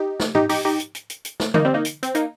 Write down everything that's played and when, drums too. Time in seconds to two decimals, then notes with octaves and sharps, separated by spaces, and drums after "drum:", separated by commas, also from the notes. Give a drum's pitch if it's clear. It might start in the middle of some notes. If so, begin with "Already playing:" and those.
Already playing: D#4 G4
0.20 drum: snare
0.35 D#4 G4, drum: tom G#2
0.49 D#4 G4, drum: open hi-hat
0.65 D#4 G4
0.80 drum: hi-hat
0.95 drum: hi-hat
1.10 drum: hi-hat
1.25 drum: hi-hat
1.40 drum: snare
1.54 A#3 D#4, drum: tom D3
1.65 G3 C4
1.74 A#3 D#4
1.85 drum: hi-hat
2.03 C4, drum: hi-hat
2.15 A#3 D#4, drum: hi-hat